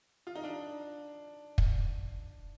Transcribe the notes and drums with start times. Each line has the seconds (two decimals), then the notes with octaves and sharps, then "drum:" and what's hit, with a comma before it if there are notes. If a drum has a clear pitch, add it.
0.27 F4
0.35 D#4
0.43 D4
1.58 drum: kick